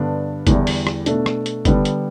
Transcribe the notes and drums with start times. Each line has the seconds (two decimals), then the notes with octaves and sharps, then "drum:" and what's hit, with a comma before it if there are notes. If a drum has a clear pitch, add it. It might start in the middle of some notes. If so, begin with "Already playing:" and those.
Already playing: G2 D3 B3 D4
0.47 E2 D3 G3 E4, drum: kick, hi-hat
0.67 drum: open hi-hat
0.87 drum: rim click
1.06 B2 A3 D4, drum: hi-hat
1.26 drum: rim click
1.46 drum: hi-hat
1.65 D3 G3 B3, drum: kick, hi-hat
1.85 drum: hi-hat